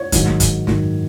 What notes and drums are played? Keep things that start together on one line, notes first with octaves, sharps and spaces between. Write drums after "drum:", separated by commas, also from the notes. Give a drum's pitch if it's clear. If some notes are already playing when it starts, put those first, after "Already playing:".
Already playing: C#5
G#2 D#3 F#3, drum: kick, hi-hat
drum: snare
drum: kick, hi-hat
G#2 D#3 F#3, drum: snare